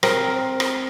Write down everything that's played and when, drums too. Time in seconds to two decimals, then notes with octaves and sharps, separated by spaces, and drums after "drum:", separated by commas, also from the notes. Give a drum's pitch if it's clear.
0.03 C4 A#4, drum: rim click
0.60 drum: rim click